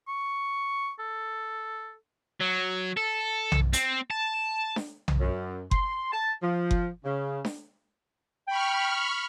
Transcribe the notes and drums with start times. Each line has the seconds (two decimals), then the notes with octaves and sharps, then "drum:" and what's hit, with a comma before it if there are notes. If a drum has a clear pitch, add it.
0.08 C#6
0.99 A4
2.41 F#3
2.97 A4
3.52 drum: tom B1
3.73 C4, drum: hi-hat
4.11 A5
4.76 drum: snare D4
5.08 drum: tom B1
5.21 F#2
5.71 C6, drum: kick F#1
6.13 A5
6.43 F3
6.71 drum: kick F#1
7.05 C#3
7.45 drum: snare D4
8.48 G5 B5 C#6 F6